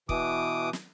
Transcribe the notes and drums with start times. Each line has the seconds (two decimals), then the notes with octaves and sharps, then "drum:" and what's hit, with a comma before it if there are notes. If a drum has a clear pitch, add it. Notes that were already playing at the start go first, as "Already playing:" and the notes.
0.09 B2 E3 D6 D#6, drum: kick
0.73 drum: snare